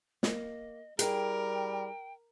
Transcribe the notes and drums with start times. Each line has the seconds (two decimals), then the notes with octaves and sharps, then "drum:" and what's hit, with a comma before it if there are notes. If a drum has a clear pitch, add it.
0.23 A#3 D#5, drum: snare
0.99 G3 E4 G#4 A#4 G5, drum: hi-hat